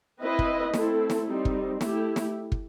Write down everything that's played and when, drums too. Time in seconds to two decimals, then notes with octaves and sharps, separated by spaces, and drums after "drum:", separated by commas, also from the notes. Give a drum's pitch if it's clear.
0.20 C4 E4 B4 D#5
0.39 drum: kick
0.74 A3 C4 E4 A4, drum: snare
1.10 drum: snare
1.27 G3 C4 D#4
1.45 drum: kick
1.81 A3 E4 G4, drum: snare
2.16 drum: snare
2.52 drum: kick